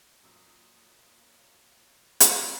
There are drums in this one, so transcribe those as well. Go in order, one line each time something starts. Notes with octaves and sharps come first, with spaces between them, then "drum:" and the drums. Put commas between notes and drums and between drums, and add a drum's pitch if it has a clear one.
F#2 A#2 F#3 C#5 F5 D#6 E6
drum: hi-hat